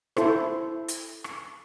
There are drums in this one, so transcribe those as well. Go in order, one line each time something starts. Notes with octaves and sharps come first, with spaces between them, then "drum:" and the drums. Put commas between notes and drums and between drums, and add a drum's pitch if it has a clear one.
E4 A4 C5, drum: rim click
drum: hi-hat
drum: rim click